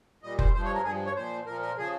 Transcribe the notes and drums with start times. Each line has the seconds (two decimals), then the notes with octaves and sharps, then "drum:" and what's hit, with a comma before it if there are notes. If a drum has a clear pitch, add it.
0.23 A#2 G3 D#5
0.39 C5, drum: kick F1
0.54 G2 F3 C5
0.65 C#5
0.74 A#4
0.85 G2 F3 G#4
1.06 C#5
1.16 A#2 F3 C5
1.46 A#2 F3 A#4
1.62 A#4
1.78 C#3 F3 G#4